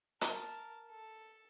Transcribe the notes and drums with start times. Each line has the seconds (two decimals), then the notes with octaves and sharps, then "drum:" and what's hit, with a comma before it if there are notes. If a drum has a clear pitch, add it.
0.21 A#4 A5, drum: hi-hat
0.89 A4